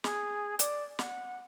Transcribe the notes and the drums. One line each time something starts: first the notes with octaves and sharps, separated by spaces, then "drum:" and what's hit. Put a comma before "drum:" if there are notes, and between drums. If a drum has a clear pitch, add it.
G#4, drum: snare
D5, drum: hi-hat
F#5, drum: snare